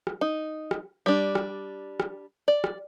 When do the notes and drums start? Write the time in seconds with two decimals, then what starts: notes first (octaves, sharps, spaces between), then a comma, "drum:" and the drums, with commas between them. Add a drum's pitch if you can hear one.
0.07 drum: rim click
0.21 D#4
0.71 drum: rim click
1.06 G3 D4
1.35 drum: rim click
2.00 drum: rim click
2.48 D5
2.64 drum: rim click